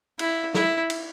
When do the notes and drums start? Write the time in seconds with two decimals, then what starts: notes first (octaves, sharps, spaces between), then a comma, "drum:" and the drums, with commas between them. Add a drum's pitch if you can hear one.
0.19 E4, drum: cymbal
0.54 E4, drum: snare
0.90 drum: cymbal